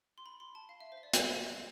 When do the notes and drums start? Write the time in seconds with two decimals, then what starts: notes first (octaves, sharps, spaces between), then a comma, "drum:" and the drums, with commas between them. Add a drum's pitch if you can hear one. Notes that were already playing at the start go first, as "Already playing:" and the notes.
0.18 C6
0.26 B5
0.40 C6
0.55 A5
0.69 F5
0.80 E5
0.92 C5
0.97 E5
1.03 D5
1.13 E5, drum: hi-hat